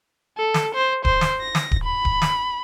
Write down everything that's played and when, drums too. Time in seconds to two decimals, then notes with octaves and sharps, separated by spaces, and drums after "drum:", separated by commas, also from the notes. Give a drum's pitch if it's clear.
0.38 A4
0.54 drum: snare
0.75 C5
1.05 C5, drum: kick D1
1.21 drum: snare
1.41 A#6
1.55 drum: snare
1.71 drum: kick D1
1.83 B5
2.05 drum: kick D1
2.22 drum: snare